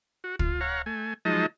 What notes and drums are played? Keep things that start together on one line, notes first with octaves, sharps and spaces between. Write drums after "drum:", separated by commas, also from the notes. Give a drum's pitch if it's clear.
F#4
F4, drum: kick
C#5 F5 F#5 A#5
A3 G#5
F3 F#3 G#3 D#4 D#5 A5